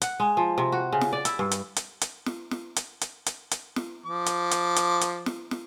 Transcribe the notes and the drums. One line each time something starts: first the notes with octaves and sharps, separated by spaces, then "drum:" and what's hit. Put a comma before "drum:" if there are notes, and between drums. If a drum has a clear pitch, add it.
F#5, drum: hi-hat
G#3
F3
C3
F#4
C#3
drum: snare
D5
E4, drum: hi-hat
G2
drum: hi-hat
drum: hi-hat
drum: hi-hat
drum: snare
drum: snare
drum: hi-hat
drum: hi-hat
drum: hi-hat
drum: hi-hat
drum: snare
F3 D6
drum: hi-hat
drum: hi-hat
drum: hi-hat
drum: hi-hat
drum: snare
drum: snare